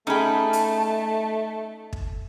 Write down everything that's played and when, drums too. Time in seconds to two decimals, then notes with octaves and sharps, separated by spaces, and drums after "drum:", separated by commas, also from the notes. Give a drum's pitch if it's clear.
0.07 A3 C#4 D#4 G#4 G5 A5 B5
0.53 drum: hi-hat
1.93 drum: kick